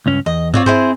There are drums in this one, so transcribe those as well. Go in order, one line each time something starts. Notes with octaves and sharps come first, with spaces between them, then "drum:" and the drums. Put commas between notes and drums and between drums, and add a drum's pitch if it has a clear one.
C#2 G2 C#4
E2 D#5
C4 F4 C#5 D5, drum: tom
E4 G#4 C5, drum: tom G2